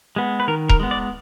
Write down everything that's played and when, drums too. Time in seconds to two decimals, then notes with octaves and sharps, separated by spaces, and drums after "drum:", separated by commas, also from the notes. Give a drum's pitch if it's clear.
0.16 G#3 B3
0.40 B4
0.48 D#3 A#4
0.69 A#4, drum: kick D#1
0.80 G#3 B3
0.91 D5